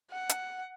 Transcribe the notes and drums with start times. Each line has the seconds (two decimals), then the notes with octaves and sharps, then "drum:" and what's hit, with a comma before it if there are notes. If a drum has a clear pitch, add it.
0.11 F#5
0.29 drum: hi-hat